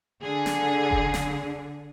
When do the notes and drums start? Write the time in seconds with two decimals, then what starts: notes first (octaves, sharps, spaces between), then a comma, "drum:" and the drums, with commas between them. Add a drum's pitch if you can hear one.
0.23 D3 G#4
0.46 drum: snare
0.91 drum: kick F1
1.14 drum: snare